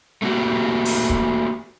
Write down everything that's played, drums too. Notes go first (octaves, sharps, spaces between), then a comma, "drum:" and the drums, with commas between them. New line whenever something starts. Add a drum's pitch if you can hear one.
A3 A#3 F#4 G4
drum: open hi-hat
drum: kick